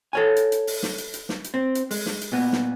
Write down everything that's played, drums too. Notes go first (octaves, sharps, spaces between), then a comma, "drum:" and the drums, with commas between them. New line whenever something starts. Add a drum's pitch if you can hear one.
A4 C#5 G#5
drum: hi-hat
drum: hi-hat
drum: open hi-hat
drum: snare
drum: hi-hat
drum: hi-hat
drum: snare
drum: hi-hat
C4
drum: hi-hat
G#3, drum: open hi-hat
drum: snare
drum: hi-hat
A#2 B3
drum: snare